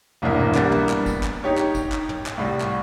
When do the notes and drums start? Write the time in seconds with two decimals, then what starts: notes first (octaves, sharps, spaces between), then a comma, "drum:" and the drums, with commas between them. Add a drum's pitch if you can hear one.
0.22 E1 C2 G2 E3 A#3 E5
0.55 G3 A#3 B3 D4, drum: clap
0.72 drum: tom
0.89 drum: clap
1.06 drum: kick, tambourine
1.23 drum: clap
1.44 D#4 G4 C#5
1.58 drum: clap
1.75 drum: kick, tambourine
1.92 drum: clap
2.09 drum: tom
2.26 drum: clap
2.37 C2 A2 G3
2.61 drum: clap